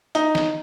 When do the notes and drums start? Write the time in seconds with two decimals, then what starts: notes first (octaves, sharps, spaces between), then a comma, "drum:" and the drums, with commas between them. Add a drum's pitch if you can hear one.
0.15 D#4, drum: hi-hat
0.35 drum: snare